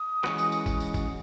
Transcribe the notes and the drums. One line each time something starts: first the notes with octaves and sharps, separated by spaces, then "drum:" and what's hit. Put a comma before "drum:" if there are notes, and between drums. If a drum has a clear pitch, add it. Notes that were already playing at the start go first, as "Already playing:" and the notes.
Already playing: D#6
E3 G#3 C#4 F#4 B4, drum: clap
drum: tambourine
drum: tambourine
drum: kick, tambourine
drum: tambourine
drum: kick, tambourine